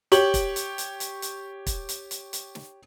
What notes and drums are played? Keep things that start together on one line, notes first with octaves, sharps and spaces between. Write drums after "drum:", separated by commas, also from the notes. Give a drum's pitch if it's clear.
G4 C#5 F#7, drum: hi-hat
drum: kick, hi-hat
drum: hi-hat
drum: hi-hat
drum: hi-hat
drum: hi-hat
drum: kick, hi-hat
drum: hi-hat
drum: hi-hat
drum: hi-hat
drum: snare